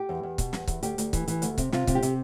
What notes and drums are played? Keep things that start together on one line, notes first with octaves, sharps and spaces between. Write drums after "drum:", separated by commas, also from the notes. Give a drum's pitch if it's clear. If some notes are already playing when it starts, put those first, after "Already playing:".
Already playing: G4
E2
E2
B2, drum: kick C#1, hi-hat
E2, drum: snare
E2, drum: kick C#1, hi-hat
D2 G4, drum: hi-hat
D2, drum: hi-hat
E3, drum: kick C#1, hi-hat
E3, drum: hi-hat
D2, drum: hi-hat
C3, drum: kick C#1, hi-hat
C3 F4, drum: snare
C3, drum: kick C#1, hi-hat
G4
C3, drum: hi-hat